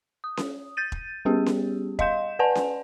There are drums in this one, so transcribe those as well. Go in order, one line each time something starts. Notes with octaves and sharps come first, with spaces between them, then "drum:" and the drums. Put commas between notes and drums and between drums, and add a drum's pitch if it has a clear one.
D#6
drum: snare C#4
G6 A6 D#7
drum: kick E1
G3 B3 C#4 G4 G#4
drum: snare C#4
D#5 F5 C6 G6 E7, drum: kick E1
B4 D5 F#5 G#5 A5
drum: snare C#4